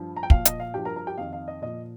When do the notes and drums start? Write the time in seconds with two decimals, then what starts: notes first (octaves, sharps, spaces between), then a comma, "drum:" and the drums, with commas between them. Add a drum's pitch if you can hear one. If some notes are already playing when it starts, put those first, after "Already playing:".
Already playing: G2 F3
0.17 A#5
0.23 G5
0.30 A#2 F3 F5, drum: kick
0.45 D#5, drum: hi-hat
0.60 F5
0.74 G2 F3 G4 G5
0.85 A#4 A#5
0.96 A#4 A#5
1.07 G4 G5
1.18 F2 D#3 F5
1.33 F5
1.48 D#5
1.62 A#2 F3 D#5